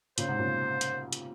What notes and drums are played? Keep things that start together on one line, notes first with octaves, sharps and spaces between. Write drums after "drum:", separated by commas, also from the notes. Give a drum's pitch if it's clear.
A#2 C#3 C5, drum: hi-hat
G#2 C3
A#2 C#3
drum: hi-hat
drum: hi-hat